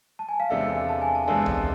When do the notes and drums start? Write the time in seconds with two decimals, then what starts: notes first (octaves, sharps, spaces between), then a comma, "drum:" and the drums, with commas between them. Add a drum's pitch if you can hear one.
0.19 A5
0.29 G#5
0.40 F5
0.49 E2 C3 G#3 D4 A4 E5
0.76 F5
0.89 A5
1.02 G#5
1.15 A5
1.26 E2 C3 G#3 D4 A4 G#5
1.46 drum: tom C2